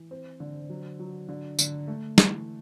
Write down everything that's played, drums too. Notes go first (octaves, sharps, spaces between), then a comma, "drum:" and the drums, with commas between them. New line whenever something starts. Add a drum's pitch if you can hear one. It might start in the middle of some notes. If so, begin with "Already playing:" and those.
Already playing: E3
C4
D3
F#3
F#3
D3
D3, drum: tambourine
A3
E3, drum: snare